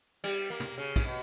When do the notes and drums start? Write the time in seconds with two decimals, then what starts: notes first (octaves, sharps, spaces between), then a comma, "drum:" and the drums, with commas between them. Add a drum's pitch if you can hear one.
0.24 G3, drum: cymbal
0.50 A#3
0.60 drum: tom
0.78 C#3
0.96 drum: kick, cymbal
1.05 B2